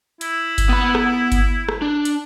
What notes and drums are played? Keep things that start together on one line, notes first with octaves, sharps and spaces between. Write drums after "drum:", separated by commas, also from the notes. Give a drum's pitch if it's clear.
E4, drum: hi-hat
drum: kick G1, hi-hat
B3 B5
drum: rim click
drum: kick G1, hi-hat
drum: rim click
D4
drum: hi-hat